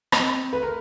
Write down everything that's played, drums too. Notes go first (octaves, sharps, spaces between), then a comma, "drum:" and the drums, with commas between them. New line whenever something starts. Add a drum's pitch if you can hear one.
C4 D#5, drum: rim click
A3 B4
A#4